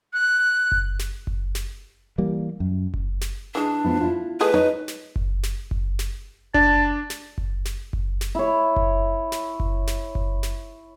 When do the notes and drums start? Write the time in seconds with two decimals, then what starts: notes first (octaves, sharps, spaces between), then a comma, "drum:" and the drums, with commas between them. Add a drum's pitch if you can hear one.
0.13 F#6
0.72 drum: kick F#1
0.99 drum: snare
1.27 drum: kick F#1
1.55 drum: snare
2.18 E3 G3 A#3
2.60 F#2
2.94 drum: kick F#1
3.21 drum: snare
3.55 E3 G#3 D4
3.85 F3 B3 E4
4.01 E4 F4
4.41 A3 G#4 B4 D#5
4.54 D#4 C#5
4.88 drum: snare
5.16 drum: kick F#1
5.43 drum: snare
5.71 drum: kick F#1
5.99 drum: snare
6.54 D4 A5, drum: kick F#1
7.10 drum: snare
7.38 drum: kick F#1
7.65 drum: snare
7.93 drum: kick F#1
8.21 drum: snare
8.35 E4 C#5
8.76 drum: kick F#1
9.32 drum: snare
9.60 drum: kick F#1
9.87 drum: snare
10.15 drum: kick F#1
10.43 drum: snare